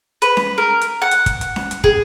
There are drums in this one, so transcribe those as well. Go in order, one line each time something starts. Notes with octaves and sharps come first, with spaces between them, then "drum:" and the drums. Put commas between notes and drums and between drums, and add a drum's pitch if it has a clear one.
B4, drum: hi-hat
drum: snare C#4
A#4
drum: hi-hat
F#5
drum: hi-hat
drum: kick, hi-hat
drum: hi-hat
drum: snare C#4
drum: hi-hat
G#4, drum: kick